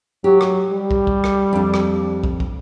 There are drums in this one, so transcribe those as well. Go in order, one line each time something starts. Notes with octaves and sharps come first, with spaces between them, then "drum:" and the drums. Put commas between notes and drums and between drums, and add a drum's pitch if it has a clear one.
F#3 G4
drum: rim click
G3
drum: kick
drum: kick
drum: rim click
F2 D4
drum: rim click
drum: kick
drum: kick